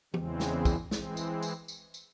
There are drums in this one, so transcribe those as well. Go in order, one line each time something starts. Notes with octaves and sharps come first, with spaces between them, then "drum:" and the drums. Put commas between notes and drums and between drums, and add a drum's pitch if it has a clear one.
E2 C#3 E3 G#3 C4, drum: tom
drum: snare
drum: kick, tambourine
E3 G#3 C4, drum: snare
drum: tambourine
drum: tambourine
drum: tambourine
drum: tambourine